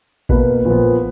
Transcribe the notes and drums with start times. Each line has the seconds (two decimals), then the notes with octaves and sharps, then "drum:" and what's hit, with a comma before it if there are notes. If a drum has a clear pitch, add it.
0.29 B2 A#3 B4, drum: kick A1
0.65 A#2 F3 B3